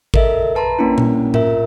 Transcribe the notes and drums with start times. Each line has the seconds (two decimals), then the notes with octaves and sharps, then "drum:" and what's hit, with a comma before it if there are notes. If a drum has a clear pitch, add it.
0.14 A4 A#4 D#5 E5, drum: kick
0.55 B4 A5 A#5 C6
0.79 A#3 C#4 D4 E4
0.98 drum: tom A#2
1.34 F4 A#4 E5, drum: tom A2